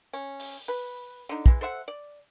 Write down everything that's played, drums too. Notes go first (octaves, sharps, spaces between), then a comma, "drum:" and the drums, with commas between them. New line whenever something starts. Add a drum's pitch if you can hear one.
C#4
drum: open hi-hat
B4
D3 D#4
E3 G#3, drum: kick
A4 C5 E5 F#5
D5